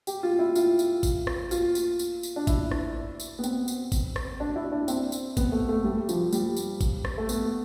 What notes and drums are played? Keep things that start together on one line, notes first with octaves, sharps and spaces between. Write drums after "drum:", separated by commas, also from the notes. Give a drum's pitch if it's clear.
G4, drum: tambourine
F4
E4
F4, drum: tambourine
drum: tambourine
drum: kick G#1, tambourine
drum: rim click
F4, drum: tambourine
drum: tambourine
drum: tambourine
drum: tambourine
D4
E4, drum: kick G#1, tambourine
drum: rim click
drum: tambourine
B3
C4, drum: tambourine
drum: tambourine
drum: kick G#1, tambourine
drum: rim click
D4
E4
D4
C4, drum: tambourine
drum: tambourine
B3, drum: kick G#1, tambourine
A3
A3
G3
F3, drum: tambourine
G3, drum: tambourine
drum: tambourine
drum: kick G#1, tambourine
drum: rim click
A3
B3, drum: tambourine